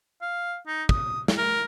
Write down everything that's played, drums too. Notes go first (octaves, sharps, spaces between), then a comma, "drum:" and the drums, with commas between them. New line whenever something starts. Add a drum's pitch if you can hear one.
F5
D#4
D#6, drum: kick
drum: snare
A#4